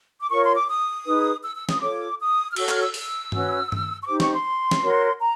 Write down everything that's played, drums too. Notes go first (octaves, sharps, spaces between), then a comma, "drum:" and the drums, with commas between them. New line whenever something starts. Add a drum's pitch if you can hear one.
D6
F4 A#4 C#5 C#6
C6
D6
D#6
D#4 G#4 B4
E6
E6
D#6, drum: snare
F4 A4 C#5 D6
D#6
F6
F#4 A4 C#5 E6, drum: cymbal
F6, drum: clap
E6
E6, drum: open hi-hat
C#4 F#4 B4, drum: tom G2
drum: tom G2
C#6
D#4 G4 C5 D6
C#6, drum: snare
C6
drum: snare
F#4 A#4 C#5
A#5